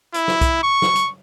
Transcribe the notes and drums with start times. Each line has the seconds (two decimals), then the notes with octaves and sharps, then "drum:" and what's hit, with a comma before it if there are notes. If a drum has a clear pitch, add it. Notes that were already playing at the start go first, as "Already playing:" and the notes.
0.14 E4, drum: hi-hat
0.28 drum: snare
0.41 drum: kick B1, hi-hat
0.63 C#6
0.82 drum: snare
0.96 drum: hi-hat